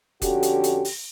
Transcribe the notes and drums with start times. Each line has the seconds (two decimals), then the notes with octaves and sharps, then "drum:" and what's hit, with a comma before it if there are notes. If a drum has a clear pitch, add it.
0.22 F2 D3 C#4 F#4 G4, drum: kick, hi-hat
0.43 drum: hi-hat
0.64 drum: hi-hat
0.85 drum: open hi-hat